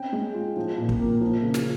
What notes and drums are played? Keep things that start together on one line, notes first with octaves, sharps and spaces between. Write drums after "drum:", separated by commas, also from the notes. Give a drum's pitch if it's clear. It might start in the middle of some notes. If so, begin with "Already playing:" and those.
Already playing: C4 C#4 G5
G#3
F4
F3
A#2
drum: kick
A#3
F3
C#3
drum: snare